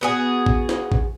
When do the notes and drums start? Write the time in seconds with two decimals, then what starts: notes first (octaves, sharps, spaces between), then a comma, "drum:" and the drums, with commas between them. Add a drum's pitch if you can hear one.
0.01 B3 F#4 G#4
0.46 drum: kick A1
0.69 drum: snare
0.92 drum: kick A1